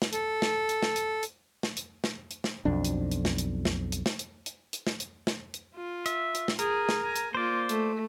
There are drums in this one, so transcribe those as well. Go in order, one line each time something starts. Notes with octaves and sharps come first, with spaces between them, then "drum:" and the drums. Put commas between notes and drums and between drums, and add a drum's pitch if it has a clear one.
drum: snare
A4, drum: hi-hat
drum: snare
drum: hi-hat
drum: snare
drum: hi-hat
drum: hi-hat
drum: snare
drum: hi-hat
drum: snare
drum: hi-hat
drum: snare
B1 F2 D4
drum: hi-hat
drum: hi-hat
drum: snare
drum: hi-hat
drum: snare
drum: hi-hat
drum: snare
drum: hi-hat
drum: hi-hat
drum: hi-hat
drum: snare
drum: hi-hat
drum: snare
drum: hi-hat
F4
E5, drum: hi-hat
drum: hi-hat
drum: snare
G#4 A#4, drum: hi-hat
drum: snare
G#5 A#5
drum: hi-hat
A#3 F4 C5 D5
A3, drum: hi-hat